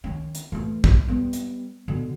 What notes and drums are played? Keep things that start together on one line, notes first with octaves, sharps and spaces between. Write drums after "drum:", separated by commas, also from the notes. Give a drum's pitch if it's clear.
D#3 C#4
drum: hi-hat
E3 A3
drum: kick
G3 B3
drum: hi-hat
B2 D3